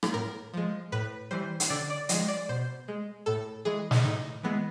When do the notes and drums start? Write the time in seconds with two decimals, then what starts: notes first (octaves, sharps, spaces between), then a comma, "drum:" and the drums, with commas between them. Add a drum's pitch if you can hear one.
0.03 drum: rim click
0.14 A2 A#4
0.54 F3 G#3
0.92 A2 B4
1.31 E3 G3 C5
1.60 drum: hi-hat
1.70 D3 D5
1.90 D5
2.09 F3 G#3 D#5, drum: hi-hat
2.28 D5
2.49 B2 C5
2.88 G#3
3.26 A2 A4
3.65 E3 G#3 G#4
3.91 drum: snare
4.05 A2 D#4
4.43 E3 G#3 B3